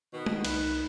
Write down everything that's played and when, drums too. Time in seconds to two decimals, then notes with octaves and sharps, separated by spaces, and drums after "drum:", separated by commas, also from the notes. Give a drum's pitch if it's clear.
0.13 B2 D#3
0.26 drum: tom
0.45 C2 D#4 B4, drum: cymbal